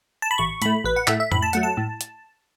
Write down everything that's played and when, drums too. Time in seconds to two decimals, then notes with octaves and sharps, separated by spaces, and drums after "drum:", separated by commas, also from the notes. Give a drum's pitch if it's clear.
0.22 A5
0.31 B5
0.38 A1 C#6
0.62 A2 A3 B5, drum: hi-hat
0.84 A1 B4
0.96 F#5
1.07 A2 A3 E5, drum: clap
1.20 E5
1.32 A2 B5, drum: tom F2
1.42 A5
1.53 F#3 A3 F#5, drum: hi-hat
1.63 A5
1.77 A2
2.01 drum: hi-hat